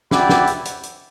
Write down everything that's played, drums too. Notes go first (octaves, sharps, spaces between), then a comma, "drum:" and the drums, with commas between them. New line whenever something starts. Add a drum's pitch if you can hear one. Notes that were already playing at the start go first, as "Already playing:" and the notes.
E4 G4 D5 F#5, drum: snare
drum: snare
drum: hi-hat
drum: hi-hat
drum: hi-hat